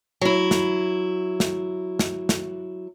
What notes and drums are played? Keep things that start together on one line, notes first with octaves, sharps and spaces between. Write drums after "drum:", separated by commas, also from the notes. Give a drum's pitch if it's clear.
F#3 E4
drum: snare
drum: snare
drum: snare
drum: snare